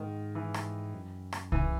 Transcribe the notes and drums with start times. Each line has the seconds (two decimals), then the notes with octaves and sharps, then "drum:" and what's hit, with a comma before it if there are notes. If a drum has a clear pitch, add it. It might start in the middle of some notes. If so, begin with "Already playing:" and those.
Already playing: G#2 D#3
0.35 E3
0.54 drum: rim click
0.94 F#2
1.33 drum: rim click
1.52 E3, drum: kick C2